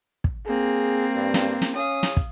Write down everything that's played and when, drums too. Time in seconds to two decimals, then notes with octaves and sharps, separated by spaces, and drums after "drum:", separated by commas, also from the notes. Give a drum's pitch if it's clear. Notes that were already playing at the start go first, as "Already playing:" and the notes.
0.24 drum: kick
0.47 A#3 C4 G#4
1.15 G2
1.34 drum: snare
1.62 drum: snare
1.75 C#4 F5 D#6
2.03 drum: snare
2.17 drum: kick